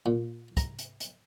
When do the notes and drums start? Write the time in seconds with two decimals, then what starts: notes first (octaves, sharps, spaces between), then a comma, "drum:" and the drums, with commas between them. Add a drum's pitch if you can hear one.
0.06 A#2
0.57 A#5, drum: kick, hi-hat
0.79 drum: hi-hat
1.00 drum: hi-hat